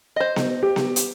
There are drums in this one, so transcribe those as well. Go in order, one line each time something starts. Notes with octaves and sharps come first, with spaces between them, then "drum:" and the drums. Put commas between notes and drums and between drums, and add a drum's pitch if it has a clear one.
C5 D#5
drum: snare B3
G4
drum: snare B3
drum: hi-hat